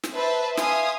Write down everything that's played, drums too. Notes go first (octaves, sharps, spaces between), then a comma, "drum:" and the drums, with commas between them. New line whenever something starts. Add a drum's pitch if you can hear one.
drum: snare
B4 C5 E5 A5
E5 F5 G#5 C6 D#6, drum: snare